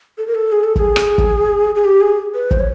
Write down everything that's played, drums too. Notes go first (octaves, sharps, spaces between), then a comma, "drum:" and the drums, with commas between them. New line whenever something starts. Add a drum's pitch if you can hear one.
A4
A#4
A4
G#4
A4
A4, drum: kick
G#4
drum: rim click
drum: kick
G#4
G4
G#4
B4
C5, drum: kick
C#5